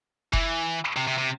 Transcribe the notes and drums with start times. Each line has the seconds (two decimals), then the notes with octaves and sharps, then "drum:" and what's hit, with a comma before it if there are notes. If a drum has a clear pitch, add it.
0.33 E3, drum: kick F1
0.97 C3
1.08 C3
1.18 C3